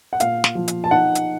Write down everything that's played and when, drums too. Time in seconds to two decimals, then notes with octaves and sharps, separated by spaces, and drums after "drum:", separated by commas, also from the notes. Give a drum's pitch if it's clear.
0.13 F#5
0.20 A#2 F5, drum: hi-hat
0.44 drum: snare
0.55 F3
0.68 drum: hi-hat
0.84 A5
0.91 D#4 F#5
1.15 drum: hi-hat